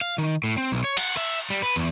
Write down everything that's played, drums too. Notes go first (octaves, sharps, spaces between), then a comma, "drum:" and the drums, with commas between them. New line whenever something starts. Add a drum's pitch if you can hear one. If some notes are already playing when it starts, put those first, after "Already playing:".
F5
D#3
A2
C4
B1
C#5
F#5, drum: cymbal
E5
G3
B4
E2